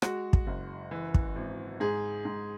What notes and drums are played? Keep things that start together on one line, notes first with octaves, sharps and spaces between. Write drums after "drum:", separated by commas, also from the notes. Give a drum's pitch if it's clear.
G#3 F#4, drum: rim click
drum: kick
F#1
E3
drum: kick
G#1
G#2 G#4
G#2